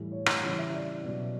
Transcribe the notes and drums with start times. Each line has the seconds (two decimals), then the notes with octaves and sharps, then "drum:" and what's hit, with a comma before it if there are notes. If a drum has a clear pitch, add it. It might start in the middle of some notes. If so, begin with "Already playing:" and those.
Already playing: A2 E3 G3
0.12 C#5
0.26 drum: rim click
0.42 C#3 E3 G3 C#5
0.59 E5
0.74 D5
1.04 B2 F#3 D5